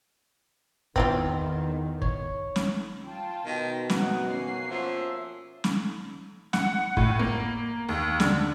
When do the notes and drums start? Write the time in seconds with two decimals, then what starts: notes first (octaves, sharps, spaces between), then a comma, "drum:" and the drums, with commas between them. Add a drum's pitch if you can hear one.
0.96 E2 D#3 B3 C4 E4 F4, drum: kick
2.02 C#5, drum: kick
2.56 drum: snare
3.04 F4 G5 A5
3.46 B2 D#3
3.90 F#2 D#4 F#5, drum: snare
4.25 A#3 C#4 C7
4.70 F3 E5
5.64 drum: snare
6.53 F#5, drum: snare
6.97 A2, drum: kick
7.19 A#3
7.89 D#2
8.20 D3, drum: snare